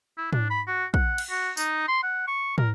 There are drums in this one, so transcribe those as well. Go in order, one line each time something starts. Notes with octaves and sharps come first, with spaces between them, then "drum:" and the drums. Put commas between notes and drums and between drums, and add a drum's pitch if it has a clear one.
E4
D4, drum: tom
B5
F#4
F#5, drum: kick
drum: cymbal
F#4
D#4, drum: tambourine
C6
F#5
C#6
A#4, drum: tom